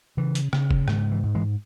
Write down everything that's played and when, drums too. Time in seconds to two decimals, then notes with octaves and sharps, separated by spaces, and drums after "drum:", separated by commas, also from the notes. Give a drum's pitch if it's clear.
0.17 C#3 E3
0.35 drum: hi-hat
0.53 C#3, drum: rim click
0.71 drum: kick
0.88 G#2 D#3, drum: rim click
1.11 E3
1.23 G#2
1.35 E3 G#3